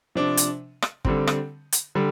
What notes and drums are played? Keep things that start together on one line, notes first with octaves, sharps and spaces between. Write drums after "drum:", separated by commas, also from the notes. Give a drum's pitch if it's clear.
C3 F3 D4
drum: hi-hat
drum: rim click
D3 G3 C4, drum: kick
drum: rim click
drum: hi-hat
D3 G3